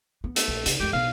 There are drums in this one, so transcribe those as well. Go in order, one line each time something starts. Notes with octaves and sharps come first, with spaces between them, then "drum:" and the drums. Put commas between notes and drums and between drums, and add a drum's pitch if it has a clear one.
B3
A3, drum: hi-hat
A#1
C#3, drum: hi-hat
F#2 G#3 G4
B1 F5